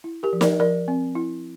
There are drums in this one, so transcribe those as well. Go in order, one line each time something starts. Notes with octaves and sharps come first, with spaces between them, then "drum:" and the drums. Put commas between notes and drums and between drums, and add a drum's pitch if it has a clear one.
E4
G4 A#4
F3
A#4 D5, drum: snare
F3 A#4 D5
C4
E4